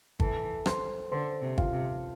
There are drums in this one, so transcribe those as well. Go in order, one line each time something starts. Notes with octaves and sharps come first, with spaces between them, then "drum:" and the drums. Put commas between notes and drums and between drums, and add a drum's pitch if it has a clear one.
E3 A4 A5, drum: kick
C5 C6, drum: rim click
D3 C5 C6
C3
F4 F5, drum: kick
C3